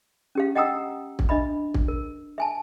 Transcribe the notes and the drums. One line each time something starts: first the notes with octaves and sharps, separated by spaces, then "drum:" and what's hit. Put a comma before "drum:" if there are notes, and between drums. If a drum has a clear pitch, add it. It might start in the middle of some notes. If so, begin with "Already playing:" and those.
C#4 G4 F5
D#5 F#5 G5 A#5 D#6 E6
drum: kick
D4 D#5 E5 B5
drum: kick
A#4
E5 G#5 A5